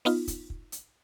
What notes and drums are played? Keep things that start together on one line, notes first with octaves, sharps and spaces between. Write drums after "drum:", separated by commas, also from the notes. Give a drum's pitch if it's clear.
B3 D#4 F4, drum: open hi-hat
drum: kick, hi-hat
drum: kick
drum: hi-hat